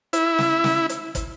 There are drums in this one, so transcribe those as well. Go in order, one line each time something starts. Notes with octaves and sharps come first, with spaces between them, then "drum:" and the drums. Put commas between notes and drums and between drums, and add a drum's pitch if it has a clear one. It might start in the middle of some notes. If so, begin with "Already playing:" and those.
E4, drum: hi-hat
drum: snare
drum: snare
drum: hi-hat
drum: kick, hi-hat